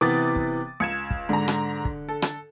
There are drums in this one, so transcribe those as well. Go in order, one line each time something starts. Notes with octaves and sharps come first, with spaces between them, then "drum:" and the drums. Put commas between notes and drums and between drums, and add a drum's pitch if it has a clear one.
C3 E3 B3 D6 D#6 A6
drum: kick
C#2 G#6 C#7 E7
drum: kick
G#2 D3 A#5
drum: rim click
drum: kick
A4
drum: rim click